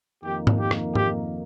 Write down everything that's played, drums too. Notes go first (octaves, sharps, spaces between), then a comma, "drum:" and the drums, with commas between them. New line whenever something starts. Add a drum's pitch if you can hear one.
F2 D#3 A#3 D#4 G4
drum: tom G#2
G4
drum: rim click
G4, drum: tom G#2